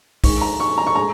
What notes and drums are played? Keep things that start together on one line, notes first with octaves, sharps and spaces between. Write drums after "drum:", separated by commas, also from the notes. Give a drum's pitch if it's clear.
G#2 D#3 G#3 C#6, drum: kick, open hi-hat
A#5
C#6
A#5
C#6
G#3 A#5